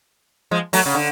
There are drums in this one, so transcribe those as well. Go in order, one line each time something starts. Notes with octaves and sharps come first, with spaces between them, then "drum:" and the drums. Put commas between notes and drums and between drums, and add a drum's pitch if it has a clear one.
F3 G#3
F#3 A3, drum: open hi-hat
C#3
D3